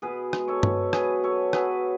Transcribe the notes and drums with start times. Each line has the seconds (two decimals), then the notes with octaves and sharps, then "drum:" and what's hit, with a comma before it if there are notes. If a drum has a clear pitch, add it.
0.02 B2 G#4 B4
0.33 G#3, drum: rim click
0.48 A4 C#5
0.63 B2, drum: tom G2
0.93 F#3 G#4 B4, drum: rim click
1.23 F#3 A4 C#5
1.53 F#3 G#4 B4, drum: rim click